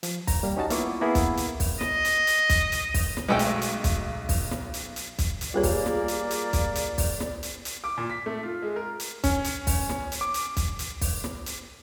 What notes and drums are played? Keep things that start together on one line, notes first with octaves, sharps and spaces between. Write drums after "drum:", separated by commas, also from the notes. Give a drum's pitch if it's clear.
F3, drum: hi-hat
A#5, drum: kick, open hi-hat
G3 A#3
C#4 D#4 F#4 A5
A#3 B3 E4 F4 C#6 D6, drum: hi-hat
A#3 B3 E4 G#4
drum: kick, hi-hat
drum: hi-hat
drum: kick, open hi-hat
D#5, drum: snare
drum: hi-hat
drum: hi-hat
drum: kick, hi-hat
drum: hi-hat
drum: kick, open hi-hat
drum: snare
B1 G#3 A3 G5
drum: hi-hat
drum: hi-hat
drum: kick, hi-hat
drum: kick, open hi-hat
drum: snare
drum: hi-hat
drum: hi-hat
drum: kick, hi-hat
drum: hi-hat
G3 A#3 F4 G4 G#4 B4 C#5 D5
drum: kick, open hi-hat
drum: snare
drum: hi-hat
drum: hi-hat
drum: kick, hi-hat
drum: hi-hat
drum: kick, open hi-hat
drum: snare
drum: hi-hat
drum: hi-hat
D6
A#2
B6
A3
F4
G#3
A#4
drum: hi-hat
C#4, drum: kick, hi-hat
drum: hi-hat
drum: kick, open hi-hat
drum: snare
drum: hi-hat
D6
drum: hi-hat
drum: kick, hi-hat
drum: hi-hat
drum: kick, open hi-hat
drum: snare
drum: hi-hat